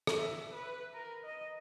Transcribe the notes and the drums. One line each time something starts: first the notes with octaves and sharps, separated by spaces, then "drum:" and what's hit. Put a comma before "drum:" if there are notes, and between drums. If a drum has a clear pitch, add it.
drum: rim click
E5
B4
A#4
D#5